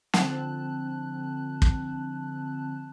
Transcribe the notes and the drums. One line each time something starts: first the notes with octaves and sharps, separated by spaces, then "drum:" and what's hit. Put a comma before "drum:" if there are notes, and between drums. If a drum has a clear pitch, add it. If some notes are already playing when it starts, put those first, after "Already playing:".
D3 F3 C4 A5 F#6, drum: snare
drum: kick